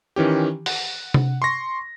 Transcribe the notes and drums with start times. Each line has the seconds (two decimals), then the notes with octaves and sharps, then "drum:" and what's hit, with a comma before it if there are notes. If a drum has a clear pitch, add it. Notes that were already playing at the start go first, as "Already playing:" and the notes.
0.16 D#3 E3 C#4 G4
0.66 F#5, drum: open hi-hat
1.14 drum: tom C3
1.42 C6 C#6 A#6